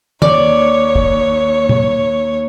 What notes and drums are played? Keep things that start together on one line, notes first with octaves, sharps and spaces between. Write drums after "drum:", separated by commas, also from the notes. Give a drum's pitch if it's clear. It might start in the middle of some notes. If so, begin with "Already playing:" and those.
D#2 C#5 D5, drum: tom
drum: kick
drum: tom